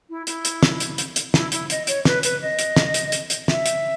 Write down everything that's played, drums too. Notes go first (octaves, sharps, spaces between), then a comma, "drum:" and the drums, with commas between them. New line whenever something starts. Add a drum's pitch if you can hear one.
E4
E4, drum: hi-hat
drum: hi-hat
drum: snare
drum: hi-hat
drum: hi-hat
drum: hi-hat
E4, drum: snare
E4, drum: hi-hat
D#5, drum: hi-hat
C#5, drum: hi-hat
B4, drum: snare
B4, drum: hi-hat
D#5
drum: hi-hat
drum: snare
drum: hi-hat
drum: hi-hat
drum: hi-hat
E5, drum: snare
drum: hi-hat